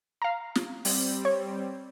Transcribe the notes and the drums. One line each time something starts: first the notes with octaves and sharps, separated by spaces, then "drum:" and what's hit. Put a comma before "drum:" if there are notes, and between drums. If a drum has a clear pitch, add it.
F5 A#5
drum: snare
G3 C4, drum: open hi-hat
C#5